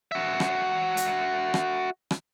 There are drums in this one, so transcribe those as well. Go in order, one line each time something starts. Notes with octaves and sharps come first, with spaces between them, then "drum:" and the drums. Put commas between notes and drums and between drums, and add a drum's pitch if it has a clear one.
F#4 E5
drum: rim click
drum: hi-hat
drum: rim click
drum: rim click